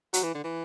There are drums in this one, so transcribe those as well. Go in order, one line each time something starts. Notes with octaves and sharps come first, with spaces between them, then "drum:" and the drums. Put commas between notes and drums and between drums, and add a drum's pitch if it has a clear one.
F#3, drum: hi-hat
E3
D3
E3